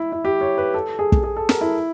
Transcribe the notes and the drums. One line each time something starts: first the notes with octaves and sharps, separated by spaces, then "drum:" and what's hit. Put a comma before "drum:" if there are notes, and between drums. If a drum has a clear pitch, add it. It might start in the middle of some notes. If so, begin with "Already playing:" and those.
Already playing: E4
E4
G4
C#5
B4
A4
G#4
drum: kick
G#4
A4
A#4, drum: snare
E4